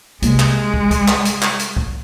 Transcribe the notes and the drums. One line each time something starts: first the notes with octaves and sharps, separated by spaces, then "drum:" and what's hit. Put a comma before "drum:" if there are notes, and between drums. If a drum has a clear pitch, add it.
C3 G#3 A#3, drum: hi-hat
drum: clap
drum: kick
drum: kick, hi-hat
drum: clap
drum: hi-hat
drum: clap
drum: hi-hat
drum: kick